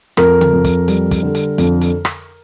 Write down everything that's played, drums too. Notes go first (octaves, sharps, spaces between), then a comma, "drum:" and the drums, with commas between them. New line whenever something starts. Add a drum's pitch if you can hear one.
F2 A#4, drum: rim click
drum: tom C#3
F2
drum: kick, hi-hat
G3, drum: hi-hat
drum: kick, hi-hat
D3
drum: hi-hat
F2, drum: hi-hat
drum: hi-hat
drum: rim click